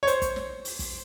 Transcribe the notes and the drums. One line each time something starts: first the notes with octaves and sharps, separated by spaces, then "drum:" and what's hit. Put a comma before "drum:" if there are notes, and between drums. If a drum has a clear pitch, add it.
C#5
C5, drum: hi-hat
drum: kick, hi-hat
drum: snare
drum: open hi-hat
drum: kick, open hi-hat